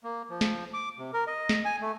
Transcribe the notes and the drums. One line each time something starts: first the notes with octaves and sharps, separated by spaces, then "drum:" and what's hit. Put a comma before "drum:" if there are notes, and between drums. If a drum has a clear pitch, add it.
A#3
F3
drum: snare
D6
C3
A#4
D#5
drum: snare
G#5
A3